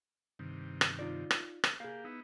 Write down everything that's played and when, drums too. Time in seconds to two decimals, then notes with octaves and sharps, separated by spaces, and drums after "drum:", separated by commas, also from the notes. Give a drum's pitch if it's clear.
0.39 G2 C3 D#3
0.81 drum: rim click
0.99 D#4 F4 D5
1.31 drum: rim click
1.64 drum: rim click
1.80 A#3 G4 G#4 F5
2.05 B3 D#4 E4